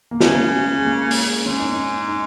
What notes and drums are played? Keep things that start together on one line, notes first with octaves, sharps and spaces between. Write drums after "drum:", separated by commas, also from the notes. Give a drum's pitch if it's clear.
A#3
C#3 C#4, drum: snare
G#3
A#3
drum: open hi-hat
G#2 C#4
D#4
C#4
D#4